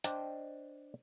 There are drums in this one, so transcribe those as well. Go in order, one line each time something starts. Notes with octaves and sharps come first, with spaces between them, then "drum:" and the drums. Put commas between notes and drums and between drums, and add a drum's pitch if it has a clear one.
D4 C5 D#5 G5 A5, drum: hi-hat